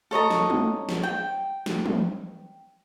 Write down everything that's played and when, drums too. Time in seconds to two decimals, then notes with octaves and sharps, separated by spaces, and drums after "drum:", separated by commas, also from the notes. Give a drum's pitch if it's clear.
0.11 A4 C#5 D#5 A#5
0.30 drum: snare
0.50 drum: tom
0.89 drum: snare
1.03 G5
1.66 drum: snare
1.86 drum: tom